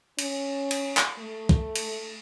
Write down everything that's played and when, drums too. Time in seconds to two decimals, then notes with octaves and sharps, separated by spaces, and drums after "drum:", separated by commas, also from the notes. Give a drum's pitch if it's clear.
0.19 C#4, drum: cymbal
0.71 drum: cymbal
0.97 drum: clap
1.19 A3
1.49 drum: kick
1.76 drum: cymbal